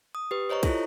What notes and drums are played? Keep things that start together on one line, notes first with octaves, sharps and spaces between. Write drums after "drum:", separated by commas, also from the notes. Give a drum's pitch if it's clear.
D#6
G4 B4
C5 C#5 D#5 A#5 C#6
E4 F4 A4 C#6, drum: kick, cymbal